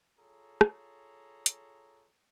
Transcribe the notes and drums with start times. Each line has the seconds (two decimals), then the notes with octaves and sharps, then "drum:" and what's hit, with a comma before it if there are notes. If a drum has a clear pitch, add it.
0.18 F4 G#4 A4 C#5 A#5
0.61 drum: rim click
1.46 drum: hi-hat